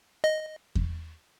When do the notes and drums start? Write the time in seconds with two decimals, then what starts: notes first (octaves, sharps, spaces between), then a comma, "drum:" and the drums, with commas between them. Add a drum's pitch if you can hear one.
0.24 D#5
0.75 drum: kick E2